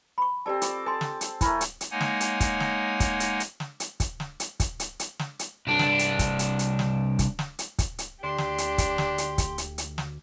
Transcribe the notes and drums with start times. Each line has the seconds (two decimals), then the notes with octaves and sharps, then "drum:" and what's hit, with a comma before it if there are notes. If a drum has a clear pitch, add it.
0.18 B5 C#6
0.46 C4 G4 A4 D5 A5
0.62 F4 C#6 D6, drum: hi-hat
0.86 A4 G#5 A5 C6
1.01 drum: snare
1.21 drum: hi-hat
1.41 A3 E4 A#4 G#5 B5, drum: kick, hi-hat
1.61 drum: hi-hat
1.81 drum: hi-hat
1.91 G#3 A#3 D#4 C#5 F#5 G#5
2.01 drum: snare
2.20 drum: hi-hat
2.40 drum: kick, hi-hat
2.60 drum: snare
3.00 drum: kick, hi-hat
3.20 drum: hi-hat
3.40 drum: hi-hat
3.60 drum: snare
3.80 drum: hi-hat
4.00 drum: kick, hi-hat
4.20 drum: snare
4.40 drum: hi-hat
4.60 drum: kick, hi-hat
4.80 drum: hi-hat
4.99 drum: hi-hat
5.19 drum: snare
5.39 drum: hi-hat
5.67 C2 D4
5.79 drum: snare
5.99 drum: hi-hat
6.19 drum: kick, hi-hat
6.39 drum: hi-hat
6.59 drum: hi-hat
6.79 drum: snare
7.19 drum: kick, hi-hat
7.39 drum: snare
7.59 drum: hi-hat
7.79 drum: kick, hi-hat
7.98 drum: hi-hat
8.24 D2 D4 G4 C6
8.38 drum: snare
8.58 drum: hi-hat
8.78 drum: kick, hi-hat
8.98 drum: snare
9.18 drum: hi-hat
9.38 drum: kick, hi-hat
9.58 drum: hi-hat
9.78 drum: hi-hat
9.98 drum: snare